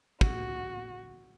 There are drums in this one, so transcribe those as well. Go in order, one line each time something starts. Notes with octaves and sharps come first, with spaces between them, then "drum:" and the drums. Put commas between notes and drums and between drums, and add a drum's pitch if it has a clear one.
F#4, drum: kick